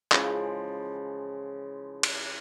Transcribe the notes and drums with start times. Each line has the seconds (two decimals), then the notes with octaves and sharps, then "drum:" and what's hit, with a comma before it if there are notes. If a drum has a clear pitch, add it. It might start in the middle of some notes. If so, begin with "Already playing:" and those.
0.12 C#3 E3 F3 G#3, drum: clap
2.03 drum: cymbal